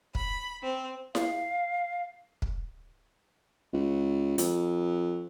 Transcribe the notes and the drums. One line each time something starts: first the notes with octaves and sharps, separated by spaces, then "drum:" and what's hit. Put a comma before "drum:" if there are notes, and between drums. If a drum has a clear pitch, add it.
B5, drum: kick
C4
F5, drum: snare E4
drum: kick
C#2
F2, drum: hi-hat